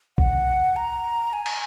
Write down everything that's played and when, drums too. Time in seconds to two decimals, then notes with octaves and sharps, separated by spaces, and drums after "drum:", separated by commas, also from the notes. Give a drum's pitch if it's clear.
0.18 F#5, drum: kick
0.76 A#5
1.33 G#5
1.46 drum: cymbal